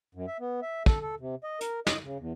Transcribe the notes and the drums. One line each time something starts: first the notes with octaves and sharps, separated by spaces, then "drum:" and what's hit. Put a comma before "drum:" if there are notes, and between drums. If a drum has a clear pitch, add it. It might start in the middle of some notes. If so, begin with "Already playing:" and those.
F#2
E5
B3
E5
A4, drum: kick
A4
C3
D#5
A#4, drum: hi-hat
D#5, drum: snare
C#3
E2